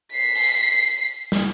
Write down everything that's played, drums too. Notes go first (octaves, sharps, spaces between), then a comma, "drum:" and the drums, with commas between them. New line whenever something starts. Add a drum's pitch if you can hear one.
B6 C7
drum: open hi-hat
drum: snare